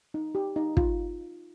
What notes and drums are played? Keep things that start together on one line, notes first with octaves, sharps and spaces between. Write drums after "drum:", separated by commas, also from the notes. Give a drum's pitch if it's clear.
D#4
G4
D#4
F4, drum: kick